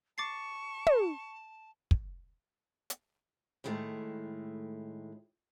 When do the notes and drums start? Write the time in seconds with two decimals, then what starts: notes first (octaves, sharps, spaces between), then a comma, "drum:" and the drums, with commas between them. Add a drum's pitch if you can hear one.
0.18 A5 C#6 D6 A6 C7
0.87 drum: tom
1.91 drum: kick
2.90 drum: hi-hat
3.64 A2 D#3 G#3 A3 E4